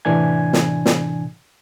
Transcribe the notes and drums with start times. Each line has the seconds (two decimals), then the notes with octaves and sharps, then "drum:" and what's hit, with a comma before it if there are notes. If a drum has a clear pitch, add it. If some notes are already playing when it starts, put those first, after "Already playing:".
0.05 A2 C3 E3 D4 G#5 G#6
0.53 drum: snare
0.86 drum: snare